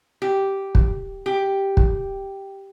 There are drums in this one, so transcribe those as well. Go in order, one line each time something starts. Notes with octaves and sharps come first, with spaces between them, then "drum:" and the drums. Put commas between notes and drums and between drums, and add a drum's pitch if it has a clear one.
G4
drum: kick
G4
drum: kick